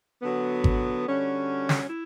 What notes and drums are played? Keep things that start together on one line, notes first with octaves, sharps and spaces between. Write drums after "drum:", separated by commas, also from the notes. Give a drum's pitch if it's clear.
D3 F#3 B3
drum: kick G#1
D3 G3 C#4 F#4
drum: snare
E4